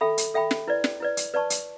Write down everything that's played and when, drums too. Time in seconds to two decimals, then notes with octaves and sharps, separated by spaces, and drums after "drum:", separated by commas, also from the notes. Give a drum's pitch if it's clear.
0.01 A4 E5 G5 B5
0.18 drum: hi-hat
0.34 A4 E5 G5 B5
0.51 drum: snare
0.68 E4 B4 D5
0.84 drum: snare
1.00 E4 B4 D5
1.17 drum: hi-hat
1.34 B4 D5 A5 C#6
1.50 drum: hi-hat